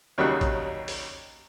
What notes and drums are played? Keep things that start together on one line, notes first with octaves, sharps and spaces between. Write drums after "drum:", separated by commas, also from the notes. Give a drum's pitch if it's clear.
D#2 C#3 F#3 G3 D#4 F#6
drum: kick, hi-hat
drum: open hi-hat